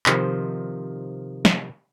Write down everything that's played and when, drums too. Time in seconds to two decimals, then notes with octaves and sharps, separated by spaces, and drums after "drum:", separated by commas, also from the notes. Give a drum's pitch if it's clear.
0.06 C3 D#3 F3 C5, drum: clap
1.45 drum: snare